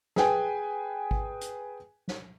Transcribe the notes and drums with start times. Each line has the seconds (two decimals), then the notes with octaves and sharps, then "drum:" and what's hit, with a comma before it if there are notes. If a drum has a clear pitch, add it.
0.16 G#4 B4 G5 G#5, drum: snare
1.11 drum: kick G#1
1.41 drum: hi-hat
2.08 drum: snare